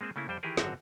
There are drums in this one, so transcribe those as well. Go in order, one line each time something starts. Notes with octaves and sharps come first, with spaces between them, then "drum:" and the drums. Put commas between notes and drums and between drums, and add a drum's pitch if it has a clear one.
G#3 A#3 C4 G#4 C5
C#3 A3 A#3 C#4 E4
F2 G3 C5 G5
D#3 E3 E4 G4 G#4 A#4
G#1 F#2 D3 C4 F#4 A#5, drum: snare